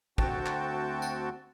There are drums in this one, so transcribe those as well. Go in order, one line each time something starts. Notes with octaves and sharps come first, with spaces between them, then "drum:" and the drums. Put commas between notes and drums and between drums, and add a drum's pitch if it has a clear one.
D2 C4 F#4 G5 A5, drum: kick
drum: clap
drum: tambourine